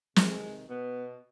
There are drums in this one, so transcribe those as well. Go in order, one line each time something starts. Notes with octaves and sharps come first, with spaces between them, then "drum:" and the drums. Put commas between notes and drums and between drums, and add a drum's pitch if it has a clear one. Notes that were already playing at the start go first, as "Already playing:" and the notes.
C3 D#3 G#3, drum: snare
B2 B3